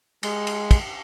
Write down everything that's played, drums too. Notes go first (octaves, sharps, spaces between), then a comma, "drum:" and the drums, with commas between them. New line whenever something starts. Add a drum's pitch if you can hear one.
G#3, drum: cymbal
drum: cymbal
drum: kick, cymbal